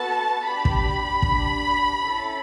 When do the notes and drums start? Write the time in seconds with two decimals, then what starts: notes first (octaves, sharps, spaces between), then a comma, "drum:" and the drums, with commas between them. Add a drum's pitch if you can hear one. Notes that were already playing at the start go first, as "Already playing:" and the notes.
Already playing: B3 F#4 A4 A5
0.46 D4 G4 B5
0.65 drum: kick
1.22 D4 G4, drum: kick
2.01 C#4 E4 A4